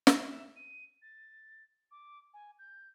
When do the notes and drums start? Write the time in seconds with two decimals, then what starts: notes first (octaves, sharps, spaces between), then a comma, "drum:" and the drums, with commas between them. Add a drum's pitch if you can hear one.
0.07 drum: snare
0.19 E5
0.56 D#7
1.02 A6
1.91 D6
2.34 G#5
2.59 G6